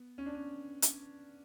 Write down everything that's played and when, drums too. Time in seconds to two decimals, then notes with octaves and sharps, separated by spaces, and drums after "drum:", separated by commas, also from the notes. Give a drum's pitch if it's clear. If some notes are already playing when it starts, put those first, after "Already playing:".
Already playing: B3
0.18 C#4
0.26 D4
0.34 C#4
0.82 drum: hi-hat